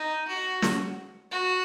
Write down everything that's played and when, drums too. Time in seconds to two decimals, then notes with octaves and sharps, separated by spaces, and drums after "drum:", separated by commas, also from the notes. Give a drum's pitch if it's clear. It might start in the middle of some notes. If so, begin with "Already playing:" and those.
Already playing: D#4
0.28 F#4
0.62 drum: snare
1.31 F#4